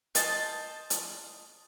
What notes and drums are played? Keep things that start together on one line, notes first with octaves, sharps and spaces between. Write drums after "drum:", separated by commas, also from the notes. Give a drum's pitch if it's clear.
C5 D#5 A5, drum: hi-hat
drum: hi-hat